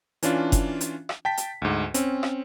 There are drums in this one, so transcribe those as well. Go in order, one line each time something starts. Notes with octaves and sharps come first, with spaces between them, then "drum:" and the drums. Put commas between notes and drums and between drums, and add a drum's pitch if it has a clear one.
E3 C#4 D4 F4, drum: hi-hat
drum: kick F#1, hi-hat
drum: hi-hat
drum: rim click
G5 A5 B6
drum: hi-hat
D2 G#2
C4 C#4, drum: hi-hat
drum: rim click